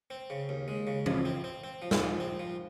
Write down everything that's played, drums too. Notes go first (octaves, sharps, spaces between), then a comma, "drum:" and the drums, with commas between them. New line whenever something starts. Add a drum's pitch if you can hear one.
C4
C#3
D#2
G#3
C#3
F3, drum: tom E3
C4
C4
C4
F3
drum: snare
F3
C4
F3